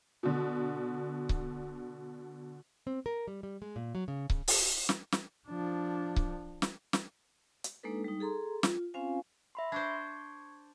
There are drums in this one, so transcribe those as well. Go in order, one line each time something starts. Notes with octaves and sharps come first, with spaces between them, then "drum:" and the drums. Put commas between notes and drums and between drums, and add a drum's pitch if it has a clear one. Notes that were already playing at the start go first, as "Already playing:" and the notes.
B2 D3
drum: kick C#1
C4
A#4
G3
G3
G#3
A#2
F#3
C#3
C#3, drum: kick C#1
drum: open hi-hat
drum: snare
drum: snare
F3 D4
drum: kick C#1
drum: snare
drum: snare
drum: hi-hat
G#3 A#3 D4 D#4 A4 B4
G3 D#4
G#4 A4 A#5 C6
F4, drum: snare
C4 C#4 F4 C5 F5 G#5
E5 B5 C6
D4 C5 C#6 G#6